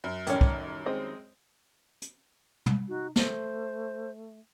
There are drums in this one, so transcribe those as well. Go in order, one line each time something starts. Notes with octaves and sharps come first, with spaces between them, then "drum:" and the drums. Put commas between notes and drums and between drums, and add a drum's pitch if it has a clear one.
F#2
A1 D#3 G3 C#4, drum: hi-hat
drum: kick
G#3 C4 D#5
drum: hi-hat
drum: tom
D#4 F#4
A3 C5, drum: snare